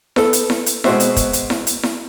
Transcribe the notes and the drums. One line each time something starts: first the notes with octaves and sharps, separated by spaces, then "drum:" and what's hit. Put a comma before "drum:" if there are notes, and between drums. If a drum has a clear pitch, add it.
B3 A4, drum: snare E4
drum: hi-hat
drum: snare E4
drum: hi-hat
B2 G#3 C4 F#4 C5 E5, drum: snare E4
drum: hi-hat
drum: kick, hi-hat
drum: hi-hat
drum: snare E4
drum: hi-hat
drum: snare E4